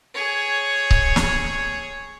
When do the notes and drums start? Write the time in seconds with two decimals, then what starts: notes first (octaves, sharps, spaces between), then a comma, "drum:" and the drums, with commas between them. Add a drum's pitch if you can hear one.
0.14 G#4 C#5
0.91 drum: kick C#1
1.16 drum: snare